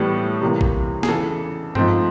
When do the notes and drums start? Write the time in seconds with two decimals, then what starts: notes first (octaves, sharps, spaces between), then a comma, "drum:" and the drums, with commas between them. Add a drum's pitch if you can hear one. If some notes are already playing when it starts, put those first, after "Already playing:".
Already playing: A2 E3 G3 B3 A4
0.41 C3 E3 G3 A#3
0.61 drum: kick A1
1.03 G#4, drum: snare
1.08 E2 C#3 E3 A4
1.75 G#2 F3 A3 C4, drum: tom G2